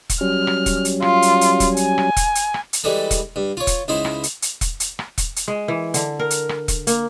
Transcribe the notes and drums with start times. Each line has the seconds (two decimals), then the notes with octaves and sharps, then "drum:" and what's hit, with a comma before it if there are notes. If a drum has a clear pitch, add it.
0.10 drum: kick E1, hi-hat
0.21 F#3 G3 C#4 F6
0.47 drum: rim click
0.66 drum: kick E1, hi-hat
0.85 drum: hi-hat
1.02 F4, drum: rim click
1.22 drum: hi-hat
1.41 drum: hi-hat
1.60 drum: kick E1, hi-hat
1.77 G#5, drum: hi-hat
1.98 drum: rim click
2.17 drum: kick E1, hi-hat
2.35 drum: hi-hat
2.54 drum: rim click
2.73 drum: hi-hat
2.84 E3 G3 G#3 A4
3.11 drum: kick E1, hi-hat
3.36 G2
3.57 F4 C#5
3.67 drum: kick E1, hi-hat
3.88 C#2 D#4 E4 C5
4.05 drum: rim click
4.23 drum: hi-hat
4.42 drum: hi-hat
4.61 drum: kick E1, hi-hat
4.80 drum: hi-hat
4.99 drum: rim click
5.18 drum: kick E1, hi-hat
5.36 drum: hi-hat
5.48 G#3
5.68 E3
5.94 D3, drum: hi-hat
6.19 A#4
6.30 drum: hi-hat
6.49 drum: rim click
6.68 drum: kick E1, hi-hat
6.87 A#3, drum: hi-hat